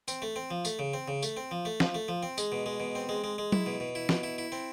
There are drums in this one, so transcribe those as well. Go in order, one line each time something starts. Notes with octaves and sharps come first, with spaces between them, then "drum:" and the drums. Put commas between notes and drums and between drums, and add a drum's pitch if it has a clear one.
C4, drum: tambourine
A3
C4
F3
A3, drum: tambourine
C#3
C4
C#3
A3, drum: tambourine
C4
F3
A3
F3, drum: snare
A3
F3
C4
G#3, drum: tambourine
B2
G#3
B2
C4
G#3
G#3
G#3
E4, drum: tom F#3
B2
B2
E4
B2, drum: snare
E4
E4
C4